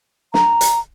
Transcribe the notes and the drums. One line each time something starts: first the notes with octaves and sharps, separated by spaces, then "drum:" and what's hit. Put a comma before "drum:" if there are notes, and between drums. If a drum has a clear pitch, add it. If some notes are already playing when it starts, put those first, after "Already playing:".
A#5, drum: snare
drum: hi-hat